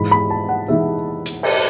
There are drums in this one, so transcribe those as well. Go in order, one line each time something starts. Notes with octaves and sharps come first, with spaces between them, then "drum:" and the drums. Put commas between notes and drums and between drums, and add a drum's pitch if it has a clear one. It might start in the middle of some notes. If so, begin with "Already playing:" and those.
Already playing: G#2 E3 G#3 D#4 B5
B5
A5
F#5
E3 G#3 D#4 E5
drum: hi-hat
drum: cymbal